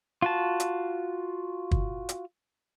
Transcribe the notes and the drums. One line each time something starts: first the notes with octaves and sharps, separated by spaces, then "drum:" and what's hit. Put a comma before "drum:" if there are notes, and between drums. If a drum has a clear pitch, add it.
F4 F#4 A5
drum: hi-hat
drum: kick
drum: hi-hat